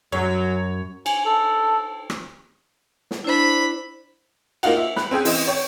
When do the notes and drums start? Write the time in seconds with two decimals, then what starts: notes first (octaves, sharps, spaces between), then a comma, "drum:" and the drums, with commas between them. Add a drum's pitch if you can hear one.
0.12 F#2 F#3 C#5
1.06 G#5, drum: cymbal
1.26 A4
2.10 drum: rim click
3.11 drum: snare
3.24 D4 E4 C5 B5
4.63 A#3 D#4 F4 F#4, drum: cymbal
4.77 E5
4.96 B5 F#6, drum: snare
5.11 C4 C#4 G#4 G5
5.25 E3 C4 D#5 E7, drum: open hi-hat
5.48 C#5 G5